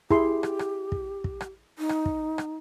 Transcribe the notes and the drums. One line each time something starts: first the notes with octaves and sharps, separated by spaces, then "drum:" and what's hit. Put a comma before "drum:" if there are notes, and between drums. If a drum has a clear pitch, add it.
E4 G4 G#4 C6, drum: kick
drum: rim click
drum: rim click
drum: kick
drum: kick
drum: rim click
D#4
drum: rim click
drum: kick
drum: rim click